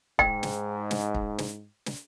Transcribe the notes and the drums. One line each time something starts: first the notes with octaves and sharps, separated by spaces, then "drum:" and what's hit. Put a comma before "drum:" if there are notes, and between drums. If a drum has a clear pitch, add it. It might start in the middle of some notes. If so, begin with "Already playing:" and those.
G#2 G5, drum: kick
drum: snare
drum: snare
drum: kick
drum: snare
drum: snare